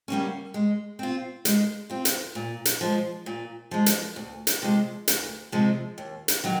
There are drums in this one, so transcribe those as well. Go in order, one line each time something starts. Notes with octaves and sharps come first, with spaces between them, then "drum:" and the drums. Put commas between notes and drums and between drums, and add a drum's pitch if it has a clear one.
D3 G3 A#3 C#4
G#3
C4 F4
G#3, drum: hi-hat
C4 F4
drum: hi-hat
A#2
drum: hi-hat
F3 G#3
A#2
F3 G#3
drum: hi-hat
D2
drum: hi-hat
C3 F3 G#3
D2, drum: hi-hat
C3 F3 G#3
D#2
drum: hi-hat
D#3 F#3